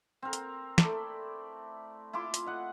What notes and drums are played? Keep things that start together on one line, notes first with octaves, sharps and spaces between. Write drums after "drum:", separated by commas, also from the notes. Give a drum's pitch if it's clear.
C4 A#4
drum: hi-hat
A3 E4 D5, drum: snare
E4 F4 C6 D6
drum: hi-hat
D#5 F#5